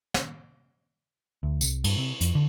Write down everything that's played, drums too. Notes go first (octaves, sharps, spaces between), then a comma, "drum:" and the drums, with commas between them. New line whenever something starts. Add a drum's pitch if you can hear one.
drum: snare
D2
C2, drum: tambourine
G2, drum: cymbal
C3
F2, drum: hi-hat
D3